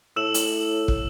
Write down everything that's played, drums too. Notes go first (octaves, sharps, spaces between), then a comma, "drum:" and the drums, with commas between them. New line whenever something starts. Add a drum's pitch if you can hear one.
A2 E6 E7 F#7
drum: hi-hat
drum: kick